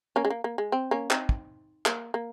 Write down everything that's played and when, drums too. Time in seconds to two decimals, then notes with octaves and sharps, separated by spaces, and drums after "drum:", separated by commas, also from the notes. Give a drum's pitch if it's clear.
0.16 A#3 C#4
0.25 G#3
0.30 A#3
0.44 A#3
0.58 G#3
0.72 C4
0.91 A#3 C#4
1.10 C4 D#4, drum: clap
1.29 drum: kick
1.86 A#3, drum: clap
2.14 A#3